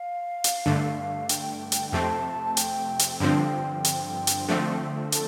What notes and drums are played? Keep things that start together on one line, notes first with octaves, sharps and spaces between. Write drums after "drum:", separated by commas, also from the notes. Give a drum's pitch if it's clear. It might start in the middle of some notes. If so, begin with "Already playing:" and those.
Already playing: F5
drum: hi-hat
G2 D3 A3
G5, drum: hi-hat
drum: hi-hat
F2 C3 A3 C4 A5
G5, drum: hi-hat
drum: hi-hat
G2 D3 F3 C4 G5
drum: hi-hat
drum: hi-hat
D3 F3 A3 C4
A4, drum: hi-hat